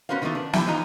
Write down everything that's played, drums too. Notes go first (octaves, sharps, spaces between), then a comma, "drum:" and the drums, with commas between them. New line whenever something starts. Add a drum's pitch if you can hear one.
B3 C#4 F#4 A#4 C5 F5
D#3 E3 A3 B3 F4
D4
E4 G4 E5, drum: snare
E3 F3 D#4 F4 A#5